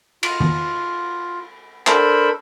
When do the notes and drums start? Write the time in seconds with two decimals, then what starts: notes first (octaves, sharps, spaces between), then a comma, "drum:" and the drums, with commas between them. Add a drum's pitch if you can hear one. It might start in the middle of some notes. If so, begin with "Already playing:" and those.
0.23 F4, drum: cymbal
0.40 drum: tom D#3
1.87 D4 A4 A#4 C5 B5, drum: clap